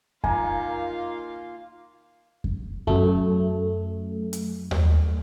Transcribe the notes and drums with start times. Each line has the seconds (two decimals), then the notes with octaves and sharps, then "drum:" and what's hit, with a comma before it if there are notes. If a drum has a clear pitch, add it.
0.24 D#3 A#3 F4 G#5, drum: kick F2
2.44 drum: kick F2
2.87 F#2 A3, drum: kick F2
4.33 drum: hi-hat
4.71 drum: tom D#2